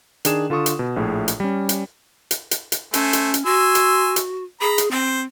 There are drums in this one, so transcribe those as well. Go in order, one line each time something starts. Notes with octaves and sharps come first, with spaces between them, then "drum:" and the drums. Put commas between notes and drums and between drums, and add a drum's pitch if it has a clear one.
D#3 D4 G#4 E7, drum: hi-hat
D3 F4 A4 C#6 D#6
drum: hi-hat
B2
A#1 A2 G#4
drum: hi-hat
G3 C#4
drum: hi-hat
drum: hi-hat
drum: hi-hat
drum: hi-hat
A3 C#4 C5 G#5, drum: hi-hat
drum: hi-hat
drum: hi-hat
F#4 G#5 C6 E6
drum: hi-hat
drum: hi-hat
G#4 A#5 B5
drum: hi-hat
C4 C5